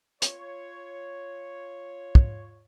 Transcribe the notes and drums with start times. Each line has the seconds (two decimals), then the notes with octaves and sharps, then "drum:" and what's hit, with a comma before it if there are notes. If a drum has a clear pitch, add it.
0.22 F4 C#5, drum: hi-hat
2.15 drum: kick